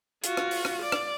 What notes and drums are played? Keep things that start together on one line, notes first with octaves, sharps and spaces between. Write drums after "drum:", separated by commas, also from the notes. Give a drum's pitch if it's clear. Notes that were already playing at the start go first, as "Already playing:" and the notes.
F4 F#4, drum: hi-hat
drum: rim click
drum: open hi-hat
drum: rim click
D5
drum: rim click